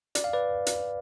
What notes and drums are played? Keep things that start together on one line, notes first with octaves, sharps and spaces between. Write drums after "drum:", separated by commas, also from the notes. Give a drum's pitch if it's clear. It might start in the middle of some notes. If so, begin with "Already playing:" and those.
D5, drum: hi-hat
F5
B4 D5
drum: hi-hat